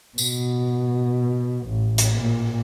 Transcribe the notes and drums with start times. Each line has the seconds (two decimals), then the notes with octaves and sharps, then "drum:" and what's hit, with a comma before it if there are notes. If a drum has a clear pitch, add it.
0.18 B2, drum: tambourine
1.67 A1
1.98 drum: hi-hat
2.15 A#2